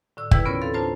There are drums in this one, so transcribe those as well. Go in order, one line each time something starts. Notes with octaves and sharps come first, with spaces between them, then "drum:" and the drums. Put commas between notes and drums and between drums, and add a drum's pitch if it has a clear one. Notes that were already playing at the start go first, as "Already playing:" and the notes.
A2 D3 E6
D#2 E3 E4 G#4 B4 E6, drum: kick
B3 C#4 F4 A#4 C#5
B3 C4 A4 F5
D4 F4 C5 A5 A#5